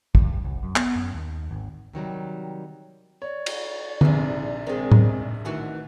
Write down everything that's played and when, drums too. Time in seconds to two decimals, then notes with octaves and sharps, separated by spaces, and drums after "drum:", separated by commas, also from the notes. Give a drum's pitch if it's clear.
0.15 G2, drum: kick
0.44 C2
0.63 F#2
0.76 B3, drum: clap
0.96 F#2
1.14 D#2
1.51 G#1
1.93 C3 D#3 F#3 G3
3.22 C#5 D5
3.46 drum: cymbal
4.01 A#1 G#2 C3 E3, drum: tom
4.67 D#3 G#3 C4
4.92 drum: tom
5.45 D2 D#3 E3 F#4 F#6